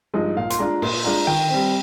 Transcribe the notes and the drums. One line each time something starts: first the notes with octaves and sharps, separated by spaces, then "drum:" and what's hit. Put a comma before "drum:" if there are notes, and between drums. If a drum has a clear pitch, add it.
G2 F3 G#3 D#4 D#5
A#2 F5
C6, drum: hi-hat
G#3 D4 F4 A#5
A#2 C6, drum: cymbal
G#3 D4 F4 A#5
D#3 G5
G3 C4